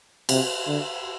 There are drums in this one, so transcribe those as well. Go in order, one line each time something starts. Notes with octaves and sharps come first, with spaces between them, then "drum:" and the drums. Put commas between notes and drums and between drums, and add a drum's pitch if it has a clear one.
C3, drum: cymbal
D3